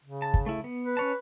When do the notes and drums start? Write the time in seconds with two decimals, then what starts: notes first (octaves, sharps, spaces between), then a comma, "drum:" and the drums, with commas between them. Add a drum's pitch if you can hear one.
0.04 C#3
0.22 A5
0.34 drum: kick
0.46 A3 E4
0.64 B3
0.84 B4
0.97 C#4 C#5 A5